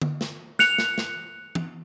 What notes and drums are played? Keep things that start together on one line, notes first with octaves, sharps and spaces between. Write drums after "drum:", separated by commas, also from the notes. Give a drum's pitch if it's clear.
drum: tom D3
drum: snare
F#6 C#7 F7, drum: snare
drum: snare
drum: snare
drum: tom